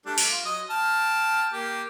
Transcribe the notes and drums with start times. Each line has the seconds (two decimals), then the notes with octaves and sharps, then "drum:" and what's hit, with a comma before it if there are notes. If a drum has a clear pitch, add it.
0.06 G3 A3 D4
0.18 drum: open hi-hat
0.30 F4
0.45 F#3 D#5
0.70 G5 A5 F6
1.53 A#3 G4